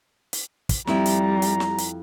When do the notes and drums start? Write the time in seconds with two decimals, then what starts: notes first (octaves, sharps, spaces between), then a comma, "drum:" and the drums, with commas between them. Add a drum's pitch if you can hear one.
0.33 drum: hi-hat
0.69 drum: kick, hi-hat
0.87 F2 G3 E4 G4 A#5, drum: snare
1.06 drum: hi-hat
1.42 drum: hi-hat
1.60 drum: snare
1.78 drum: hi-hat